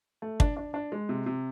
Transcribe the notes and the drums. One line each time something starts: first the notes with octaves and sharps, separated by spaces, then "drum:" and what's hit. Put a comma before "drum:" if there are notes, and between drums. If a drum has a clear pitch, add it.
A3
D4, drum: kick
D4
D4
G#3
C3
C3